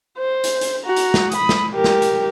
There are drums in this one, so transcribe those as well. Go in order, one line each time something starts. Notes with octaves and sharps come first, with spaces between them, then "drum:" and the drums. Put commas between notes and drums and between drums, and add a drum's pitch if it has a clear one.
C5
drum: hi-hat
drum: hi-hat
F#4 A#5
drum: hi-hat
drum: snare
B5 D#6, drum: hi-hat
drum: snare
G4 A#4
drum: snare
drum: hi-hat